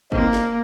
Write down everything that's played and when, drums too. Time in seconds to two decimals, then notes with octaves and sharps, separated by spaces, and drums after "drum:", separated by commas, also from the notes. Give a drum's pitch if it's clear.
0.12 A#3 C4 D#4, drum: kick
0.33 drum: snare